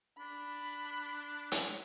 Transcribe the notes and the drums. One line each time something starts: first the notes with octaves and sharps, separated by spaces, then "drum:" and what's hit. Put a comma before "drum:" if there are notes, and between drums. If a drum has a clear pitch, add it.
D4 B5
drum: hi-hat